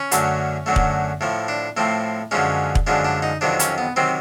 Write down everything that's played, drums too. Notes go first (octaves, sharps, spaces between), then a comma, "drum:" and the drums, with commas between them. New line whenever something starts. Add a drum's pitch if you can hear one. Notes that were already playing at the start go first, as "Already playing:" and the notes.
Already playing: C#4
F#2 D3 F#3 A3, drum: hi-hat
F#2 D3 F#3 A3
drum: kick E1
A2 F3 A3
D4
A2 F3 A3 C4
F#2 D3 F3 G#3 C#4
drum: kick E1
F#2 D3 F3 G#3 D4
D4
D#4
F2 C3 D#3 F#3 D4
C#4, drum: hi-hat
B3
C3 D#3 F#3 C4